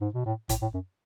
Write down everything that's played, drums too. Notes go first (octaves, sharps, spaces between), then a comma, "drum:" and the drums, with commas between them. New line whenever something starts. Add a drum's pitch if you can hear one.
G#2
B2
A2
A2, drum: kick, hi-hat
A2
F#2